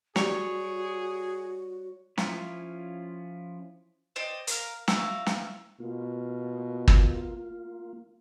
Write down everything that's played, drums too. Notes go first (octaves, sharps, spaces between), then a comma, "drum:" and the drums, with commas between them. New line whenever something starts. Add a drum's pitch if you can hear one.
G3 F#4 G#4 C#5, drum: snare
F3 C#4 E4 F4, drum: snare
C5 D5 D#5 G5
A#4 F5, drum: hi-hat
E4 F#4 F5, drum: snare
drum: snare
B2 A#3 F4
drum: kick